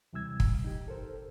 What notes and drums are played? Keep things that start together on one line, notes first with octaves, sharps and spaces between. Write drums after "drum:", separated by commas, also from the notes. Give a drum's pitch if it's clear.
D#2 C3 E3 G3 E6 G#6
drum: kick
D#4 G4
A4 A#4 C5